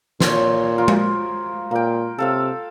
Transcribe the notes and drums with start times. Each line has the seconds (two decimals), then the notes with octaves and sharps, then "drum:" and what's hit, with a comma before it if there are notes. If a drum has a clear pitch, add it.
0.20 A#2 C5 C#5, drum: snare
0.78 F4 A#4
0.88 drum: tom G#3
1.71 A#2 A#3 G5
2.18 C3 A4 F5 E6